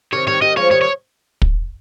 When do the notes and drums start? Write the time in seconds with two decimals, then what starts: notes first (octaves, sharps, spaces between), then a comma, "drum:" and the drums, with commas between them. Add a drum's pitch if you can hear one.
0.12 C3 D#3 C#5
0.27 D#3 G3 C#5
0.41 D#3 G3 D#5
0.57 F3 G#3 C#5
0.71 D#3 G3 C#5
0.82 C#5
1.42 drum: kick